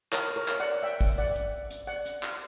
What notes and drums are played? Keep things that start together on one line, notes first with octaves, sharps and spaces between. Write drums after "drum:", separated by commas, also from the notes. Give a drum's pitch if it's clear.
A#4 C#5, drum: clap
A#4 C#5
drum: clap
D5 F#5
E5 G5
drum: kick, open hi-hat
D5 F#5
drum: hi-hat
drum: hi-hat
D5 F#5
drum: hi-hat
drum: clap